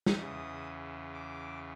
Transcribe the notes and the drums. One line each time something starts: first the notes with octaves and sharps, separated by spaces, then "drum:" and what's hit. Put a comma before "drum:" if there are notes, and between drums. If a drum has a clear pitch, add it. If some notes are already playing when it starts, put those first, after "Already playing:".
drum: snare
E2 C#3 E3 D#6
D6